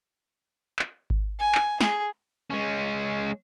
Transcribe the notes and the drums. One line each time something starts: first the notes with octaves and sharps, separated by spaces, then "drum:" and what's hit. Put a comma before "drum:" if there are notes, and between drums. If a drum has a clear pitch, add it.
drum: clap
drum: kick G#1
G#5
drum: clap
G#4, drum: snare
G#3 C#4